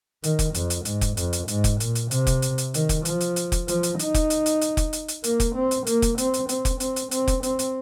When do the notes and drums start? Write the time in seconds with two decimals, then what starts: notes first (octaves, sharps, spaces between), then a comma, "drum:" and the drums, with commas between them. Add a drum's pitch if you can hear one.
0.24 D#3, drum: hi-hat
0.39 drum: kick F1, hi-hat
0.54 F2, drum: hi-hat
0.70 drum: hi-hat
0.85 G#2, drum: hi-hat
1.01 drum: kick F1, hi-hat
1.17 F2, drum: hi-hat
1.33 drum: hi-hat
1.48 G#2, drum: hi-hat
1.64 drum: kick F1, hi-hat
1.80 A#2, drum: hi-hat
1.95 drum: hi-hat
2.11 C3, drum: hi-hat
2.27 drum: kick F1, hi-hat
2.42 drum: hi-hat
2.58 drum: hi-hat
2.74 D#3, drum: hi-hat
2.89 drum: kick F1, hi-hat
3.05 F3, drum: hi-hat
3.20 drum: hi-hat
3.36 drum: hi-hat
3.52 drum: kick F1, hi-hat
3.68 F3, drum: hi-hat
3.83 drum: hi-hat
3.99 D#4, drum: hi-hat
4.14 drum: kick F1, hi-hat
4.30 drum: hi-hat
4.46 drum: hi-hat
4.61 drum: hi-hat
4.77 drum: kick F1, hi-hat
4.93 drum: hi-hat
5.08 drum: hi-hat
5.24 A#3, drum: hi-hat
5.40 drum: kick F1, hi-hat
5.55 C4
5.71 drum: hi-hat
5.87 A#3, drum: hi-hat
6.02 drum: kick F1, hi-hat
6.18 C4, drum: hi-hat
6.34 drum: hi-hat
6.49 C4, drum: hi-hat
6.65 drum: kick F1, hi-hat
6.80 C4, drum: hi-hat
6.96 drum: hi-hat
7.11 C4, drum: hi-hat
7.28 drum: kick F1, hi-hat
7.43 C4, drum: hi-hat
7.59 drum: hi-hat